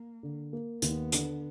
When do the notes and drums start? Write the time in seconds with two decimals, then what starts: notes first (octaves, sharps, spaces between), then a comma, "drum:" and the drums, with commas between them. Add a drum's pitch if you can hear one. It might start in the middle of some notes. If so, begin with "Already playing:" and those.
Already playing: A#3
0.23 D3
0.53 A#3
0.82 D#2 B3, drum: hi-hat
1.12 D3, drum: hi-hat